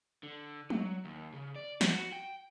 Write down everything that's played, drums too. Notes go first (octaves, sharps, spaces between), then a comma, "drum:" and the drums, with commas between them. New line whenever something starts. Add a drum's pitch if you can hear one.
D3
F#3, drum: tom G3
D#2
C#3
D5
F#4, drum: snare
G5